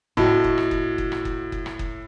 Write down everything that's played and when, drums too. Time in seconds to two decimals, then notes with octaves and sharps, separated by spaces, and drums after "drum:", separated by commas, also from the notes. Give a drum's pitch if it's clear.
0.17 A2 F#4 D#5 A5, drum: kick F#1
0.44 drum: kick F#1
0.58 drum: rim click
0.71 drum: kick F#1
0.98 drum: kick F#1
1.12 drum: rim click
1.25 drum: kick F#1
1.52 drum: kick F#1
1.66 drum: rim click
1.79 drum: kick F#1